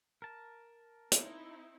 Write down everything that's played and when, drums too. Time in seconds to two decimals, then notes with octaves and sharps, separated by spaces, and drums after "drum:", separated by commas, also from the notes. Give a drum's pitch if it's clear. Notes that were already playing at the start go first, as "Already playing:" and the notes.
0.22 A#4 A5
1.12 C4 D#4 E4, drum: hi-hat